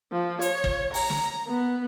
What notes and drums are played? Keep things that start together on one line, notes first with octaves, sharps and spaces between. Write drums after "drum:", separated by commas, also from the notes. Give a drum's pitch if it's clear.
F3
C#5, drum: hi-hat
drum: kick
A#5, drum: open hi-hat
drum: snare
B3